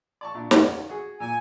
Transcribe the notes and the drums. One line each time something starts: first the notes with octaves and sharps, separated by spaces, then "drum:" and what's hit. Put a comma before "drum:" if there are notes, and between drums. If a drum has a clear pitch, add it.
D5 A5 C#6
A#2 D4 E4
E2 C#3, drum: snare
F#4 G#4
A#2 G#5